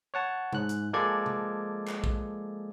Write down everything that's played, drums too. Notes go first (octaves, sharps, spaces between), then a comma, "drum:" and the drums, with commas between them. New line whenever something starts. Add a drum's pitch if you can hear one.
C#5 F#5 A5
G#2 F#6, drum: tom C3
drum: hi-hat
F3 G#3 A#3 A4 D5 G#6
drum: tom C3
drum: clap
drum: kick